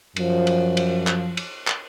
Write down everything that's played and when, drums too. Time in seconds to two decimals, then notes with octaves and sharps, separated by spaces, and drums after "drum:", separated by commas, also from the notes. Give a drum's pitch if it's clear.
0.16 F#2 F3, drum: cymbal
0.47 drum: cymbal
0.77 drum: cymbal
1.07 drum: clap
1.37 drum: cymbal
1.67 drum: clap